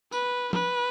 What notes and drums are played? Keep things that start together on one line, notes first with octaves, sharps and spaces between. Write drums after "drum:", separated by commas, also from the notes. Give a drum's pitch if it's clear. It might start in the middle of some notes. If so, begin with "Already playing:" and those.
B4, drum: tambourine
B4, drum: tom